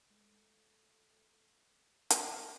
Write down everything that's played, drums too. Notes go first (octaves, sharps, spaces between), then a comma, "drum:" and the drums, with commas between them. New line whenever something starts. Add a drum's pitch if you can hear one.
G#3 A3 D#4
drum: hi-hat